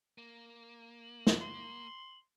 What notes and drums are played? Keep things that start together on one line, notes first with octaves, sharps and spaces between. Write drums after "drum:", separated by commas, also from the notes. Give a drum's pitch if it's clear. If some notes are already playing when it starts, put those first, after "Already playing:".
A#3
F#7
drum: snare
C6